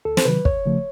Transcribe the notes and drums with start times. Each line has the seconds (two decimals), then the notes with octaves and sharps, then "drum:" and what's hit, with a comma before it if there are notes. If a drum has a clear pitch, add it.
0.05 D2 A4
0.17 C5, drum: snare
0.25 C3 D#3 F#3 B4
0.45 E2 C#5, drum: kick
0.66 C#3 F3 A3